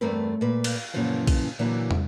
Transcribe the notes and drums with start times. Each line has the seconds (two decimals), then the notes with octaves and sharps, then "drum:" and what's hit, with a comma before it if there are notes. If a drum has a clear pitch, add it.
0.01 E2 G2 A3 C4 A#4 B4
0.41 A#2 B4
0.64 drum: cymbal
0.94 F#2 A#2 C#3 E3 F3
1.27 drum: kick A#1, cymbal
1.59 A#2 D3 E3 F#3
1.91 drum: tom